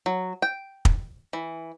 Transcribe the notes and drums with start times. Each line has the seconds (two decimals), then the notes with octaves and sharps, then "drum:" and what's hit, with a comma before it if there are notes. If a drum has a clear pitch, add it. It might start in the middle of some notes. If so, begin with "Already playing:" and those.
0.06 F#3
0.42 G5
0.85 drum: kick
1.33 E3